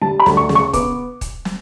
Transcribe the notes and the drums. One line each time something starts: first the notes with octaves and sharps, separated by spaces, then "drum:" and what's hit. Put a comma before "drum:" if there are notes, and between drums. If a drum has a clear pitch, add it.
G3 A5
B5
D2, drum: snare
C#6
C#3, drum: snare
C#6
B3 D6, drum: kick, hi-hat
drum: kick, hi-hat
drum: snare